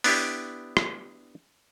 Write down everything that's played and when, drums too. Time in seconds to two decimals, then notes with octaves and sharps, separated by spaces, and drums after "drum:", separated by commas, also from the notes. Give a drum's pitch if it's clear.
0.04 B3 D4 E4 G4, drum: open hi-hat
0.77 drum: rim click